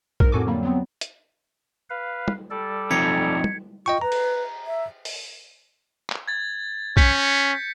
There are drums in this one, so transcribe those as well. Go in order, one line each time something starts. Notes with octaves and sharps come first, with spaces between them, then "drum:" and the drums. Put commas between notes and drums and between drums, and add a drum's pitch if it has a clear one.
G#2 A#4, drum: kick
F2 A2 F#4 A4 G#5 D6
F2 D3 F#3 G3 A#3
F#3 B3 C4
drum: hi-hat
B4 F5
drum: tom
G3 A4 D5
F3 C4 D#4 G#6 B6 C#7
drum: tom
F4 D#5 G5 C#6
B4 A#5
drum: cymbal
E5
drum: open hi-hat
drum: clap
G#6 A6
C#4 G6 B6 C#7, drum: kick